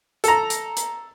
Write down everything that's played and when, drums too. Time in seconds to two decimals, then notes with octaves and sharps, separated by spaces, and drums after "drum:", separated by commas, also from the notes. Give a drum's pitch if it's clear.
0.24 A4 A#5, drum: hi-hat
0.50 drum: hi-hat
0.77 drum: hi-hat